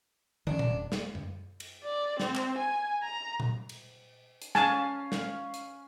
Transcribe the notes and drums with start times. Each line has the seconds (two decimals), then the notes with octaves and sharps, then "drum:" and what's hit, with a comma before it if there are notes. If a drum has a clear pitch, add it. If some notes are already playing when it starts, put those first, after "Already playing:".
0.47 D#3 F3 C#4 D4
0.59 drum: tom A#2
0.70 E1
0.92 drum: snare
1.15 drum: tom F#2
1.60 drum: cymbal
1.84 D5
2.20 C4, drum: snare
2.35 drum: clap
2.58 G#5
3.03 A#5
3.40 drum: tom A#2
3.69 drum: cymbal
4.42 drum: hi-hat
4.55 C#4 F5 G#5 A5, drum: snare
5.12 drum: snare
5.54 drum: hi-hat